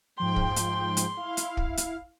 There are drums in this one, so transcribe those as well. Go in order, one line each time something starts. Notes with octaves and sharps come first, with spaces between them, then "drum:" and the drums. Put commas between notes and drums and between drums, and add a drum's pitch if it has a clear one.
G#2 F3 G5 C6
drum: kick
drum: hi-hat
drum: hi-hat
E4 F5
drum: hi-hat
drum: kick
drum: hi-hat